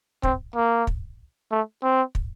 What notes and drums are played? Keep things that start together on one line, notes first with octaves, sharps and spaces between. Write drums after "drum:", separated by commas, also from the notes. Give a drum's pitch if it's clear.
C4, drum: kick
A#3
drum: kick
A3
C4
drum: kick